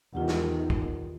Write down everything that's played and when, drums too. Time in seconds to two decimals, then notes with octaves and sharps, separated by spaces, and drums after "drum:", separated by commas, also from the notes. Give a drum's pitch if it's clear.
0.13 E2 D#3 F4 G4 F#5
0.28 drum: snare
0.70 drum: kick